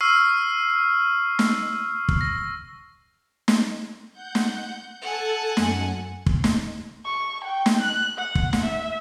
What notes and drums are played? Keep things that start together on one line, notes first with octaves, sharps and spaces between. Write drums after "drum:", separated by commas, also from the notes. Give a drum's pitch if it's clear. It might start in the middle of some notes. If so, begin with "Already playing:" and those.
C#6 E6 F6 C7 D#7
drum: snare
drum: kick
A#6
drum: snare
F#5 G6
drum: snare
A4 F#5 G#5 A5
F#2, drum: snare
drum: kick
drum: snare
C#6
G5
drum: snare
F#6
F#5
drum: kick
drum: snare
E5